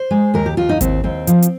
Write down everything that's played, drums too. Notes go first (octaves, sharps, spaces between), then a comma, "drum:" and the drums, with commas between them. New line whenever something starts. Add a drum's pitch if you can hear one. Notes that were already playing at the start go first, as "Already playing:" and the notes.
Already playing: C5
G#3
D#2 A#4
G4
D#2 F4
D#4
D#2 C4, drum: kick G#1, hi-hat
D#2 C4
F3, drum: hi-hat
drum: hi-hat